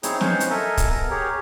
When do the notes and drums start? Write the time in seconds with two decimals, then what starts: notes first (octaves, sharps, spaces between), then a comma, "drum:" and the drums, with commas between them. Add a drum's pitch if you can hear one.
0.03 C4 D#4 E4 G#4 C#5, drum: hi-hat
0.21 B3 C#4 D#4 C5 F#5, drum: snare
0.40 drum: hi-hat
0.50 A4 A#4 D#5 E5 G#5
0.77 drum: kick, hi-hat
0.90 B3 A#4
1.11 G4 G#4 A#4 C#5